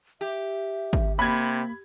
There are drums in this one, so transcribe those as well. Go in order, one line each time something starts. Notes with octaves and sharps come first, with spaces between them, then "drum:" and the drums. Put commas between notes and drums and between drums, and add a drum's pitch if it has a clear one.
G4 E5
drum: kick
C3 A#3 B5 G#6